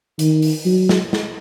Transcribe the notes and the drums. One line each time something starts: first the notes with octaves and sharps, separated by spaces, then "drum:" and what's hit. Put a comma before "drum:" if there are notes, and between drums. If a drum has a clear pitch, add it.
D#3, drum: hi-hat
drum: open hi-hat
F#3
drum: snare
drum: snare